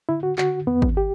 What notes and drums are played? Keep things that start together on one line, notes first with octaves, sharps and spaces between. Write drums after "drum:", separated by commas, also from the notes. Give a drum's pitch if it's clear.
D3 E4
F#4
D3 F#4, drum: clap
E2 B3
drum: kick
G4